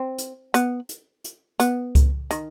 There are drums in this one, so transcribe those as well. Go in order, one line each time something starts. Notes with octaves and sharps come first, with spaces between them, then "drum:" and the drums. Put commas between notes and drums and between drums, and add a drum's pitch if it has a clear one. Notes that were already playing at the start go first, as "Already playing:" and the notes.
Already playing: C4
drum: hi-hat
B3, drum: hi-hat
drum: hi-hat
drum: hi-hat
B3, drum: hi-hat
drum: kick C#2, hi-hat
D#3, drum: hi-hat